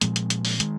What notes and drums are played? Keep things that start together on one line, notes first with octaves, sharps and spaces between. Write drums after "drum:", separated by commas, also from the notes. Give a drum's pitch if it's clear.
A#2 F3 G#3 C4, drum: hi-hat
drum: hi-hat
drum: hi-hat
drum: open hi-hat
D#3 G#3, drum: hi-hat